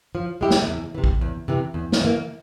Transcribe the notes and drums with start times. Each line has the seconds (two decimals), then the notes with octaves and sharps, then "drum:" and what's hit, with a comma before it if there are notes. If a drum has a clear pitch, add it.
0.15 F3
0.41 G#3 E4 G4
0.50 drum: snare
0.68 E2
0.95 C3 E3
1.04 drum: kick A#1
1.21 E2
1.48 C3 E3
1.74 E2
1.92 drum: snare
2.01 E3 A#3